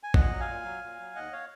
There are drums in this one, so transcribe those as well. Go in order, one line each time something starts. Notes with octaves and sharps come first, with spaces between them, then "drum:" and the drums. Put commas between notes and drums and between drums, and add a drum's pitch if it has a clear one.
G#5
A#2 D#5 F#5, drum: kick
F#3
F5 G#5
A#2
F#3
A#2
F#3
D#2 D#5 F#5
C#5 F5